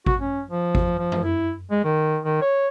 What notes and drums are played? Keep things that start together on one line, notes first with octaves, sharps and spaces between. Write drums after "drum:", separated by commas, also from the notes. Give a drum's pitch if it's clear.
F#4, drum: kick G#1
C#4
F3
drum: kick G#1
F3
drum: tom F2
E4
G#3
D#3
D#3
C#5